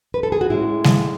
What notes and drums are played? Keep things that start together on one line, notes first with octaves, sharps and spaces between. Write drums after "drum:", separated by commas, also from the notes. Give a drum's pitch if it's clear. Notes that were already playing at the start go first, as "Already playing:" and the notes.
B4
A4
G#4
F#4
A2 G#3 C#4 E4
drum: snare G3